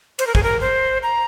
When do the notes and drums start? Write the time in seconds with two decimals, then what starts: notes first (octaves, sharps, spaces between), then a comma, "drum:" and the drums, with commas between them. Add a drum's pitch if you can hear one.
0.19 C5, drum: cymbal
0.27 A#4
0.35 G#4, drum: kick
0.43 A#4
0.61 C5
1.03 A#5